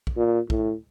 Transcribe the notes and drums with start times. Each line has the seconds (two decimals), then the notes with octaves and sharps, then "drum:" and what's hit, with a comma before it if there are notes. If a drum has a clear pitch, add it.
0.07 drum: kick
0.17 A#2
0.50 A2, drum: kick